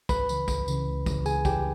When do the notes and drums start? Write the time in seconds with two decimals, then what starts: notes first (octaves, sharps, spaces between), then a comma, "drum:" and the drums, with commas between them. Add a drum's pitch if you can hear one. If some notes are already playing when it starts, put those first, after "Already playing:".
0.09 C#2 B4 B5, drum: kick, tambourine
0.29 C#3 E3, drum: tambourine
0.48 C#2, drum: kick, tambourine
0.68 C#3 E3, drum: tambourine
0.87 C#2
1.06 C#3 E3, drum: kick, tambourine
1.26 C#2 G#4 G#5, drum: tambourine
1.45 C#3 E3 G4 G5, drum: kick, tambourine